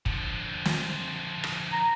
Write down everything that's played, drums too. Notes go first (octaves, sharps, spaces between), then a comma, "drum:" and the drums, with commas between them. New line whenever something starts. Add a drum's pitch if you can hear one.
D3 F3, drum: kick
drum: snare
drum: rim click
A#5